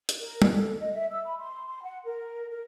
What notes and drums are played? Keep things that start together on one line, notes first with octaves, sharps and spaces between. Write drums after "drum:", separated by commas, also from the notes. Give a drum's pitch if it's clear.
drum: hi-hat
A#4
drum: tom
A4
D#5
E5
E6
B5
C6
C6
F#5
A#4
A#4